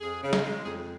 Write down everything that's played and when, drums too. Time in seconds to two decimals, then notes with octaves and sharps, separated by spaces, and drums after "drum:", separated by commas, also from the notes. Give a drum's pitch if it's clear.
0.01 F2 G#4
0.23 C#3
0.33 drum: snare
0.43 G#3
0.65 F2 G#4